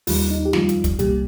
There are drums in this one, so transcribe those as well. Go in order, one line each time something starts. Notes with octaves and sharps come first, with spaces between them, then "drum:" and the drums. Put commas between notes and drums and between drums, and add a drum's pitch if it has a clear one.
D#2 D#3 G3 F4, drum: open hi-hat
D#4
G4
F2 D#3 G3 F4, drum: snare
drum: hi-hat
drum: kick, hi-hat
C2 A#2 G3 G4, drum: hi-hat